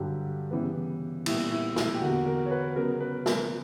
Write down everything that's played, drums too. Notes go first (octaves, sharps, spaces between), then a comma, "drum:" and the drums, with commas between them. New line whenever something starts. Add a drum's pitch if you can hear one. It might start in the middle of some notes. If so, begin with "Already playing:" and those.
Already playing: G2 D3 F#3 G4
C#3 E3 G3 B3
A#2 G3 B3 E4, drum: cymbal
E4
E4, drum: snare
G4
E2 D3 A#3 F#4
A#4
C#5
B4
C#3 F#3 B3 A#4
B4
A#4, drum: snare